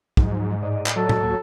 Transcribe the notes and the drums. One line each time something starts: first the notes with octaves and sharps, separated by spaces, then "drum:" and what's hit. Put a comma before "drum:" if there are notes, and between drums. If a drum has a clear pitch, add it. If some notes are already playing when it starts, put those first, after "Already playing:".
G#2 F3 F#3, drum: kick
A2 D5 D#5
drum: clap
F#3 A4
drum: tom A2
D2 A#3 G#5